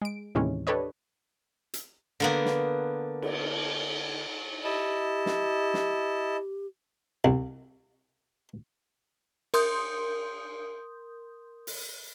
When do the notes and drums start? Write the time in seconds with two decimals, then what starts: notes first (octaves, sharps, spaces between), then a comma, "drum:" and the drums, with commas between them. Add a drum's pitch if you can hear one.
0.02 G#3 D7
0.35 D#2 A2 C3 E3 G#3 C#4
0.67 D4 G4 A4 B4 C#5 D#5
1.74 drum: hi-hat
2.20 D3 A#3 B3
2.45 drum: snare
3.22 drum: cymbal
4.64 E4 G4 D#5 A5
5.26 drum: snare
5.74 drum: snare
7.25 C2
9.54 A#4 C6 D#6 G6, drum: cymbal
11.67 drum: open hi-hat